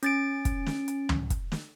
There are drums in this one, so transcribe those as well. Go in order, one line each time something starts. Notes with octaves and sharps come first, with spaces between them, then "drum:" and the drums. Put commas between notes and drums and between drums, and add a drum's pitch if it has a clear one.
C#4 A6 D7, drum: hi-hat
drum: kick, hi-hat
drum: snare
drum: hi-hat
drum: tom
drum: kick, hi-hat
drum: snare